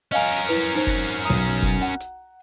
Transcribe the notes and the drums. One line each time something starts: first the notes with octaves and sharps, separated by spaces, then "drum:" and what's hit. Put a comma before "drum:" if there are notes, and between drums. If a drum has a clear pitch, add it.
C#4 A#4 D#5 F5 G#5
E4 B4, drum: hi-hat
D#4 C5
drum: kick F1, hi-hat
drum: hi-hat
B1 A#5 D#6 D#7 F7, drum: hi-hat
drum: kick F1, hi-hat
F#5, drum: hi-hat
drum: hi-hat